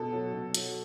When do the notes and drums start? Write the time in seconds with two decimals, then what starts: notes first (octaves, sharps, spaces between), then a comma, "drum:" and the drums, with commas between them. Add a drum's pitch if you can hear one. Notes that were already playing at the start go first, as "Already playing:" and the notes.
Already playing: B2 A4
0.12 F#3
0.33 B2
0.54 F#3, drum: hi-hat